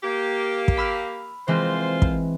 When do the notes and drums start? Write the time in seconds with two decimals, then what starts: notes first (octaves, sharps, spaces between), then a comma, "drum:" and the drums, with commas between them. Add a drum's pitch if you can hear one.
0.03 A#3 G4
0.68 drum: kick
0.77 B5 E6 F6
1.48 E3 G#3 A#3 C4 F4 C5
2.02 drum: kick